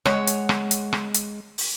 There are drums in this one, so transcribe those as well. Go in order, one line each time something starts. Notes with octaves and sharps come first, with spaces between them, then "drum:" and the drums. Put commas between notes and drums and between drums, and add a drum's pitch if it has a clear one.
G#3 C#5 F#5, drum: rim click
drum: hi-hat
drum: rim click
drum: hi-hat
drum: rim click
drum: hi-hat
drum: open hi-hat